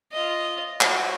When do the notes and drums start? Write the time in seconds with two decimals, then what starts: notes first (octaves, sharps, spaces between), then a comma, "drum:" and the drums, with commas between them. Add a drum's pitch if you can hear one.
0.12 F4 D#5
0.81 F#4 C5, drum: clap